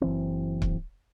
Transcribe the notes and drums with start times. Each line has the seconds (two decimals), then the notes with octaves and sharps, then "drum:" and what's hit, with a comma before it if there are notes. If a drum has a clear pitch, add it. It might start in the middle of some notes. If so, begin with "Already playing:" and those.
0.01 F#1 E3 C4
0.62 drum: kick C#1